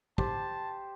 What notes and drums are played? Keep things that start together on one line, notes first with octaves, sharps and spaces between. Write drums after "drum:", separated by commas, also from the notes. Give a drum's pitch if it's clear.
G4 C5 A5, drum: kick